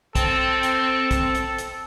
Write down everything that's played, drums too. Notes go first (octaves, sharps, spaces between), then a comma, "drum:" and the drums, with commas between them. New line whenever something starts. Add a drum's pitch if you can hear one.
C4 A4, drum: kick, hi-hat
drum: hi-hat
drum: kick, hi-hat
drum: hi-hat
drum: hi-hat